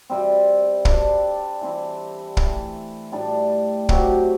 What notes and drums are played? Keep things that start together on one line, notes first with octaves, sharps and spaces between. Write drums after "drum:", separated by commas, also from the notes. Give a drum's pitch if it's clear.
C3 G3 C4
G3 D4 A4 D5, drum: kick
E3 G3 C4 E4
E3 A3 E4, drum: kick
A2 G3 D4 A4
C3 F#3 C4 G4, drum: kick